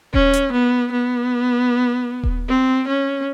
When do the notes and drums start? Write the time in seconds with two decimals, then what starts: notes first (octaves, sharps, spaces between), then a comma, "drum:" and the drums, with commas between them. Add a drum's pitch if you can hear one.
0.14 C#4, drum: kick D#1
0.33 drum: hi-hat
0.53 B3
0.92 B3
2.23 drum: kick D#1
2.48 C4
2.88 C#4